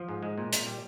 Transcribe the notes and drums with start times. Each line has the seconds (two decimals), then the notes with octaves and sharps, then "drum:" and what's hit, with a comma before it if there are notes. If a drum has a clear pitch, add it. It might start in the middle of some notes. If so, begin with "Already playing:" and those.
Already playing: F3
0.09 G#2
0.23 G#3
0.38 A#2
0.53 A#2, drum: hi-hat
0.67 G3